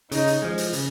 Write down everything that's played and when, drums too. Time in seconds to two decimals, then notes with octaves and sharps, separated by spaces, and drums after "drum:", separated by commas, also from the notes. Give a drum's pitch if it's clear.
0.12 C#3 D#4, drum: hi-hat
0.27 drum: hi-hat
0.42 F3 G#3
0.58 drum: hi-hat
0.73 C#3, drum: hi-hat